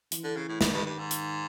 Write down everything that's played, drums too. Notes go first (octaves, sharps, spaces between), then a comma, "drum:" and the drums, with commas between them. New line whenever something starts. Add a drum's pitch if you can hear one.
E3, drum: hi-hat
D3
C#3
A2
G2 D#3, drum: snare
G2
G2
G#2
drum: hi-hat